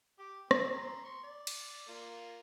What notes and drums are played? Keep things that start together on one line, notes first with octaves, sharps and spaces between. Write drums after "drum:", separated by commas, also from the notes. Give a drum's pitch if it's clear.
G4 D6
F3 C4 B4, drum: rim click
A#5 C6
C6 C#6
D5
drum: cymbal
A#3 F4